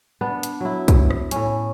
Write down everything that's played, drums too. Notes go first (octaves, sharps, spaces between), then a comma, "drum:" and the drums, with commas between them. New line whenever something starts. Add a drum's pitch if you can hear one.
B3 D4
drum: hi-hat
F#3 E4
drum: kick, hi-hat
drum: rim click
A2 C#4, drum: hi-hat